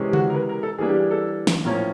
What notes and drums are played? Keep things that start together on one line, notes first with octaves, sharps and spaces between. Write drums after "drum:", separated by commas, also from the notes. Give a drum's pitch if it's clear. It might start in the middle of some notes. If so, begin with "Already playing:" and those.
Already playing: C3 E3 G#3 C#4
G4
F#4, drum: tom C#3
A#4
B4
A#4
A4
E3 G3 A#3 D4 G#4
G4
G#4
A4
drum: snare
A2 F3 A#3 C#4 A#4